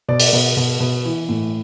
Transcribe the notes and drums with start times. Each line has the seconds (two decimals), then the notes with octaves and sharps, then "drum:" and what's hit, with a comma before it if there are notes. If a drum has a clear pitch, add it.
0.09 B2 D5
0.20 drum: open hi-hat
0.33 B2
0.57 B2
0.80 B2
1.05 E3
1.29 A2